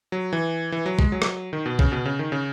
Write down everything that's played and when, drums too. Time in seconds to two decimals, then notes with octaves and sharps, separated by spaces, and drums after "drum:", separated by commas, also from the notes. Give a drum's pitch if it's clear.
0.12 F#3
0.33 E3
0.72 E3
0.86 F#3
0.99 G#3, drum: kick A#1
1.12 F#3
1.22 drum: rim click
1.53 D#3
1.66 B2
1.79 C#3, drum: kick A#1
1.92 B2
2.05 C#3
2.19 D#3
2.32 C#3